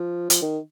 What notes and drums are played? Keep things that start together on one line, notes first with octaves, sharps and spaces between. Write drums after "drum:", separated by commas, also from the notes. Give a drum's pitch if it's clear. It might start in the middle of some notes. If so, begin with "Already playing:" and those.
Already playing: F3
F3, drum: hi-hat
D#3